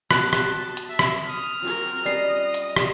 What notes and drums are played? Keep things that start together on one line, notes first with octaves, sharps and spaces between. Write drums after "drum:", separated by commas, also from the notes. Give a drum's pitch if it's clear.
B3 F#4 G4 A5 F#6 F#7, drum: rim click
drum: rim click
drum: hi-hat
E5
drum: rim click
D#6 F6
F#3 C4 F4 A#4 C#6
G3 C#4 B4 D5 D#5 C7
drum: hi-hat
drum: rim click